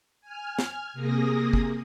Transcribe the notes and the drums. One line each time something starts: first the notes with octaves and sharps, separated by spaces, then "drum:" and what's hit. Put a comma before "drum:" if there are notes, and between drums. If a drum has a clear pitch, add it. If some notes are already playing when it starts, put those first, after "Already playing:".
G#5 F6
drum: snare
C3 A#3 G#4 D#6 A#6
drum: kick